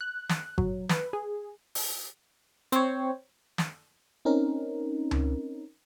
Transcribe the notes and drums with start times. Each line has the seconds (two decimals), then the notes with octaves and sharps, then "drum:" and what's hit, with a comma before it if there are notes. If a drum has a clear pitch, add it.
0.01 F#6
0.29 drum: snare
0.58 F#3, drum: kick G1
0.89 B4, drum: snare
1.13 G#4
1.75 drum: open hi-hat
2.72 C4 C5 C#5, drum: hi-hat
3.58 drum: snare
4.25 C4 C#4 D#4 A#4
5.11 drum: tom C#2